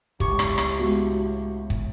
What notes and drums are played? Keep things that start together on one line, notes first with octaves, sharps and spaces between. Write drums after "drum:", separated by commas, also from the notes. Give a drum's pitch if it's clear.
C#2 A2 G4 C#6 C#7, drum: kick
drum: rim click
drum: rim click
G#3 B3 F#4
drum: kick